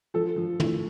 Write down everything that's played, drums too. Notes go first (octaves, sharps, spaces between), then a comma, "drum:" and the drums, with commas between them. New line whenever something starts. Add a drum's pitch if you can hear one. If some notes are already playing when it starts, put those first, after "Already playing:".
F3 A4
F3
A2, drum: tom